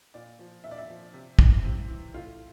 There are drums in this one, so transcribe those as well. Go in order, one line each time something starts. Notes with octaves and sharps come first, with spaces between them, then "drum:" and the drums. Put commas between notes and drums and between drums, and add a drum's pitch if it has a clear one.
A#2 D5
F3
A#2 E5
D5
E5
F3
C3
E3, drum: kick
C3
E3
A2 F4